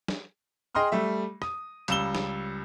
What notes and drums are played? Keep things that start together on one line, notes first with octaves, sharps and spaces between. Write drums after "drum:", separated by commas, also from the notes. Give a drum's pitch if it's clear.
drum: snare
G#4 D#5 G5 C6 D#6 F6
G3 A3 E5
D#6, drum: rim click
C#2 G3 E6 E7 G7, drum: hi-hat
drum: snare